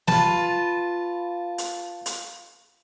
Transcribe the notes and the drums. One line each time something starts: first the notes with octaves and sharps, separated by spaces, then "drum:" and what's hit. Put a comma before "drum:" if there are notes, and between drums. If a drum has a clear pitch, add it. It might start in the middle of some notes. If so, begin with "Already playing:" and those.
F4 B4 A5, drum: snare
drum: hi-hat
drum: hi-hat